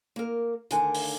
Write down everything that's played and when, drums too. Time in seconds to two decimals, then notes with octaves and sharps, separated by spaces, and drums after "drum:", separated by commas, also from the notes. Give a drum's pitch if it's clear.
0.16 A#3 A#4
0.71 D2 D3 D#3 A#4 G#5, drum: hi-hat
0.95 drum: open hi-hat